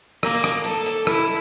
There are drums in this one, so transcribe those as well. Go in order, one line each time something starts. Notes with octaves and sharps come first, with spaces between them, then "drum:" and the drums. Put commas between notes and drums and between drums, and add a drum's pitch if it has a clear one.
A#3, drum: rim click
drum: rim click
A4, drum: hi-hat
drum: hi-hat
E4, drum: rim click